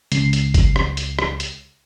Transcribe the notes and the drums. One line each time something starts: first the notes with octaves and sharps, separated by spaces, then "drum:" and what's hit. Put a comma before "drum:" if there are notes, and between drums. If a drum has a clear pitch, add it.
C#2 C7, drum: hi-hat
drum: hi-hat
drum: kick, hi-hat
drum: rim click
drum: hi-hat
drum: rim click
drum: hi-hat